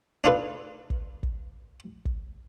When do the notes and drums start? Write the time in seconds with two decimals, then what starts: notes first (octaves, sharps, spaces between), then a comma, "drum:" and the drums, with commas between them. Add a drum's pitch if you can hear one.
0.24 D4 D#4 F4 A4 B4
0.90 drum: kick
1.23 drum: kick
2.05 drum: kick